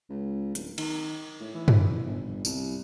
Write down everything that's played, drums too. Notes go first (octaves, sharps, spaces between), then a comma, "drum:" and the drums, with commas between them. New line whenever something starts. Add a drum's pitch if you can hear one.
C#2
D1, drum: hi-hat
D#3, drum: cymbal
A2
E3
drum: tom
G1
C2, drum: tambourine